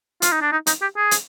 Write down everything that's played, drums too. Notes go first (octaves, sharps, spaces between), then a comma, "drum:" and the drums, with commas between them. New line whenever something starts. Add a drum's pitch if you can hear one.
F4, drum: hi-hat
D#4
D4
D#4
D#4, drum: hi-hat
G4
G#4
drum: hi-hat